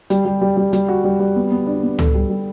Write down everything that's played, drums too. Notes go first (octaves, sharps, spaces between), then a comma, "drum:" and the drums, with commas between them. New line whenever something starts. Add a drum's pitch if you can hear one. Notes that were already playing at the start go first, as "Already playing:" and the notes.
G3, drum: hi-hat
G3
G3
G3
G3, drum: hi-hat
F#4
G3
G3
B3
B3
D4
B3
A4, drum: tom C#2
G3
G3